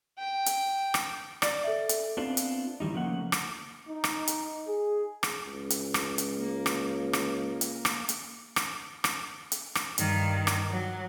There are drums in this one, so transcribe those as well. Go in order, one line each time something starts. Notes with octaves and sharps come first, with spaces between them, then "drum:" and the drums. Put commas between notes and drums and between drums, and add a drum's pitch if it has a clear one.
G5
drum: hi-hat
drum: rim click
D5, drum: rim click
A4 E5
drum: hi-hat
B3 C4 D4 F4
drum: hi-hat
D#3 E3 G3 D#4
C#3 F3 A3 A#3 F#5
drum: rim click
D#4
drum: rim click
drum: hi-hat
G#4
drum: rim click
C#2
drum: hi-hat
drum: rim click
drum: hi-hat
A#3
drum: rim click
drum: rim click
drum: hi-hat
drum: rim click
drum: hi-hat
drum: rim click
drum: rim click
drum: hi-hat
drum: rim click
G2 D#3, drum: hi-hat
drum: rim click
F#3